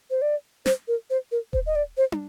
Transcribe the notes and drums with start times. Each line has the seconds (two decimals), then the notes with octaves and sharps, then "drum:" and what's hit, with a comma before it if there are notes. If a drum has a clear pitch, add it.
0.11 C5
0.22 D5
0.66 C5, drum: snare
0.88 A#4
1.10 C5
1.32 A#4
1.53 C5, drum: kick D#1
1.66 D#5
1.76 D5
1.97 C5
2.12 drum: tom